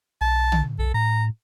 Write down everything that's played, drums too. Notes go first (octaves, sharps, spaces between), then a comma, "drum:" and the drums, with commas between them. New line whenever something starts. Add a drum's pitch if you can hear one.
B1 A5
drum: tom
B1 A4
A2 A#5